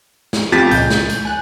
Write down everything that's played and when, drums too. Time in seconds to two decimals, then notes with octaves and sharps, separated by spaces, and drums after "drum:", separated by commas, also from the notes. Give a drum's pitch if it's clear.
0.33 drum: snare
0.52 F2 B3 F4 G4 A6 B6
0.71 C#2 A#2 G#3 G6, drum: hi-hat
0.90 drum: snare
1.10 drum: hi-hat
1.25 G#5 F#6